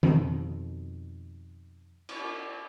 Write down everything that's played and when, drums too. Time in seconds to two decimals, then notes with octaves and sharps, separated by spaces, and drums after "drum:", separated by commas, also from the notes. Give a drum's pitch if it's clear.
0.03 F2 B2 D#3, drum: tom
2.09 drum: cymbal